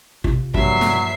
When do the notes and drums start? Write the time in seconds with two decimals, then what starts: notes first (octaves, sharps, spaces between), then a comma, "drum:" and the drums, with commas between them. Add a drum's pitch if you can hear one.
0.24 C3 F4, drum: kick
0.54 G2 A#2 F3 F#3 E5 C7, drum: kick
0.81 drum: snare